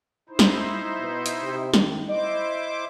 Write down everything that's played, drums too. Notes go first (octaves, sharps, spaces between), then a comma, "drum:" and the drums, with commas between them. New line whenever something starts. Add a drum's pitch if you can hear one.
D#4 E4 C5
drum: snare
B2
drum: hi-hat
C3
D#3, drum: snare
E4 C5 D#5 D6